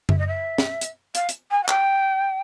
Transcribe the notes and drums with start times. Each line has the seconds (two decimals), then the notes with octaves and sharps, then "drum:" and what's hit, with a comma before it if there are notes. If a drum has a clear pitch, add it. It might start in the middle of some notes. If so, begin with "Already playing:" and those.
0.09 E5, drum: tom F#2
0.18 D#5
0.27 E5
0.58 drum: snare
0.81 drum: hi-hat
1.15 F5, drum: hi-hat
1.29 drum: hi-hat
1.51 G#5
1.63 F#5
1.68 G5, drum: clap